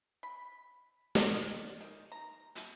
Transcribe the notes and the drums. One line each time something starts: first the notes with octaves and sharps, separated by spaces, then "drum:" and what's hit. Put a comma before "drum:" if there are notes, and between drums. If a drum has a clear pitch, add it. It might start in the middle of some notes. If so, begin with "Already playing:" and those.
B5
D5, drum: snare
D#3
A#5
drum: hi-hat